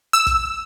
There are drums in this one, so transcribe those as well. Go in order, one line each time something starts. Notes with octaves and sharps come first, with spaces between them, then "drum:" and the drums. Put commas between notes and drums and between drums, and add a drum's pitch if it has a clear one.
E6
drum: kick, hi-hat